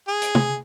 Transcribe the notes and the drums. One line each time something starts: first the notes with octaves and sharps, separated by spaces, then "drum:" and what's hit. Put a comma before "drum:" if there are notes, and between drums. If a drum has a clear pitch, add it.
G#4
drum: hi-hat
drum: tom